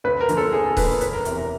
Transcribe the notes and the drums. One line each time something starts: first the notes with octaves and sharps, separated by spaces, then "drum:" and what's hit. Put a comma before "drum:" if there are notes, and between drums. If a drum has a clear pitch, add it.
D2 B4
A#4
D3 F3 A#3, drum: hi-hat
A4
D2 G#4
A4
D3 F3 A#3 B4, drum: kick D#1, open hi-hat
E1 B4, drum: hi-hat
A#4
E2 C3 E3 A#4, drum: hi-hat
A#4